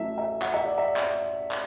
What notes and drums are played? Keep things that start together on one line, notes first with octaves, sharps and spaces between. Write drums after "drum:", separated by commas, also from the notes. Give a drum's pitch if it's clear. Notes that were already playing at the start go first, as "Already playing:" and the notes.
Already playing: A1 A2 F#3 A3 E5
E5
F#5, drum: clap
E5
D5
E5
drum: clap
drum: clap